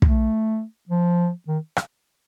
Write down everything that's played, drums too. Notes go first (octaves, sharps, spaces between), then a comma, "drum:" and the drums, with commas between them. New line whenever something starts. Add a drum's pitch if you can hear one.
A3, drum: kick
F3
D#3
drum: rim click